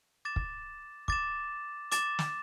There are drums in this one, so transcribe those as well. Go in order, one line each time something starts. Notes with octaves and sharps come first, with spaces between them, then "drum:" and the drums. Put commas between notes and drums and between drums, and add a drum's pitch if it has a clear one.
D6 A6 E7
drum: kick
D6 A6 E7, drum: kick
D6 A6 E7, drum: hi-hat
drum: snare